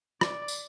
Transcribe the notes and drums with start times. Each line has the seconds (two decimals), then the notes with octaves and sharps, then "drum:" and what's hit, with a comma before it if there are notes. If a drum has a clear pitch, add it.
0.21 D5, drum: rim click
0.48 drum: tambourine